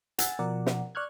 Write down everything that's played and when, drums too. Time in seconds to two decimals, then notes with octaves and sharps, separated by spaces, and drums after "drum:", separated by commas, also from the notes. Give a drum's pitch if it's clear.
0.19 F#5 G#5 E6 A6, drum: hi-hat
0.39 B2 F3 A#4 D5 F#5
0.66 drum: snare
0.95 D5 C#6 F6 F#6 G#6